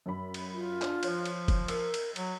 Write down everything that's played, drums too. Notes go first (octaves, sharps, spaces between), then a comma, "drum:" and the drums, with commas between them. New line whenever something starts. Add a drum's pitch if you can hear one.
F#2 B5
drum: cymbal
F4
D4, drum: clap
F3 C#5 F#6, drum: cymbal
drum: cymbal
drum: kick F1, cymbal
A#4 E6 C7, drum: cymbal
drum: cymbal
F#3, drum: cymbal